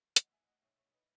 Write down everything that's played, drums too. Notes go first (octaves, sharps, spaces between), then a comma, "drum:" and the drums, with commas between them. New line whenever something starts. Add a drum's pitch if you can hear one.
A1 D#5 F#5, drum: hi-hat
E5 G#5
A1
D#5 F#5
B1 C#5 E5
C#5 E5
B1
B4 D#5